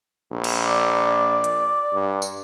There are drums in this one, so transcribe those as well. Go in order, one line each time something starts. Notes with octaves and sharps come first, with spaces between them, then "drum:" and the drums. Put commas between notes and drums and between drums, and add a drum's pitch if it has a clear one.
A#1
drum: cymbal
D5
drum: hi-hat
G2
drum: tambourine